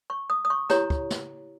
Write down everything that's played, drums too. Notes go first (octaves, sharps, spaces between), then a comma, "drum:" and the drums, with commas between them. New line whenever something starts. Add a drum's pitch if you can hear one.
C#6
D#6
D#6
C#6
E4 G4 C#5 A#5, drum: snare
drum: kick
drum: snare